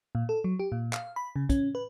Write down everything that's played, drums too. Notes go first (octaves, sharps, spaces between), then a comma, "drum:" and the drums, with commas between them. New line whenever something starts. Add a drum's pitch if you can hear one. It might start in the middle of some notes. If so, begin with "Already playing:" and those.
A#2
A4
F#3
G4
A#2
F5, drum: clap
B5
C#3
C#4, drum: kick, hi-hat
B4